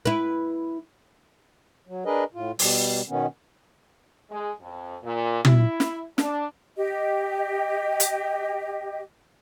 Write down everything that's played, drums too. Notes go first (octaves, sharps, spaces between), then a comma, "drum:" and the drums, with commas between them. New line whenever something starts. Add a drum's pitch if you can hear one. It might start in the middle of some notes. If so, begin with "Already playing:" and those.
E4 B4
F#3
D4 G#4 A#4 B4 D#5
A2 F4
B2 G3, drum: open hi-hat
B2 D#3 B3 C#4
G#3
F2
A#2
E4, drum: tom
drum: snare
D4, drum: snare
G4 D#5
drum: hi-hat